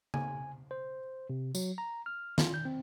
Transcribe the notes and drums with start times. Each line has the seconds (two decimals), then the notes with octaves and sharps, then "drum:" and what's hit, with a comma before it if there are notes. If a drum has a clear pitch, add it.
0.14 G#5, drum: tom C#3
0.71 C5
1.30 C3
1.55 F#3, drum: tambourine
1.78 A#5
2.06 F6
2.38 F4, drum: snare
2.54 G6
2.65 C4